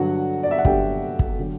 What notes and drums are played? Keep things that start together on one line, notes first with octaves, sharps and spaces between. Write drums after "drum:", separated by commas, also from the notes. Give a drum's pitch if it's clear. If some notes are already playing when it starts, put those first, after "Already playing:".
Already playing: G2 D3 F#3 F#4 F#5
D5
E5
F#5
G2 D3 F#3 G4 G5, drum: kick
drum: kick
D3 F#3